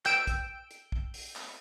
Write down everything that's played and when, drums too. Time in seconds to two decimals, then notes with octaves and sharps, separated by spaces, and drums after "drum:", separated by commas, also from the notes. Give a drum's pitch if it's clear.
0.06 G5 E6 G6 D7, drum: clap
0.27 drum: kick, hi-hat
0.71 drum: hi-hat
0.92 drum: kick
1.14 drum: open hi-hat
1.36 drum: clap